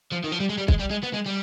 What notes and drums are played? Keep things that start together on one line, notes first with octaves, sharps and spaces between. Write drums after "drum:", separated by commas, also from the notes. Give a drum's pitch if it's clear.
F3
D#3
F3
G3
G#3
G3
G#3, drum: kick
G3
G#3
B3
G#3
G3